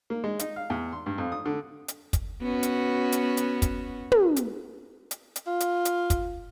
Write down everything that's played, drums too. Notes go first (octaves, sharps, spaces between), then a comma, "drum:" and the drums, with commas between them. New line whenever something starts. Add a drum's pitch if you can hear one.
A#3
G#3
D#4, drum: hi-hat
F5
E2
C6
G2
F2
D#6
D3
drum: hi-hat
drum: kick, hi-hat
B3 C#4 F#4
drum: hi-hat
drum: hi-hat
drum: hi-hat
drum: kick, hi-hat
drum: tom
drum: hi-hat
drum: hi-hat
drum: hi-hat
F4
drum: hi-hat
drum: hi-hat
drum: kick, hi-hat